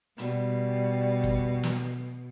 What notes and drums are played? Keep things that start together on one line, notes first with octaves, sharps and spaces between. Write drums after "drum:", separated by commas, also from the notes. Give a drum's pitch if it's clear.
B2 G3, drum: hi-hat
drum: kick
drum: snare